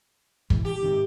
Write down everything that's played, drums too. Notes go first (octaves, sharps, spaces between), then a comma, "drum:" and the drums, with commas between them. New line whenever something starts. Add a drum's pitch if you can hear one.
B2 E3 G#3, drum: kick
G4
G#2 C3 D#3